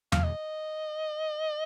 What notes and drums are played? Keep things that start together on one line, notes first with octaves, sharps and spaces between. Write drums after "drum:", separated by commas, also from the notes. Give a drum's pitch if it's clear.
F5, drum: tom E2
D#5